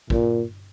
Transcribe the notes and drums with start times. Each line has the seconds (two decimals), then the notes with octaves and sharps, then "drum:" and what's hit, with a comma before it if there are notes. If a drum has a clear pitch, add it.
0.10 A#2, drum: kick